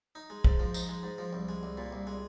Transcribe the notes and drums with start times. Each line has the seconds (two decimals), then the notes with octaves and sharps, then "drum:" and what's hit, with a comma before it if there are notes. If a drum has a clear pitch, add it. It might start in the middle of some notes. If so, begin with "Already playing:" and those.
0.15 D#4
0.30 G#3
0.44 G#2, drum: kick
0.59 F3
0.74 D#4, drum: tambourine
0.89 G#3
1.03 G#2
1.18 F3
1.33 C2
1.49 G#3
1.63 C2
1.77 A#2
1.92 C2
2.07 G#3